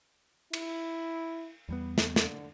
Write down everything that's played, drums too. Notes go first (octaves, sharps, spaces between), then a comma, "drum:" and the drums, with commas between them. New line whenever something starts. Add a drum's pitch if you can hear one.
E4, drum: cymbal
E2 G3 B3
drum: snare
D3, drum: snare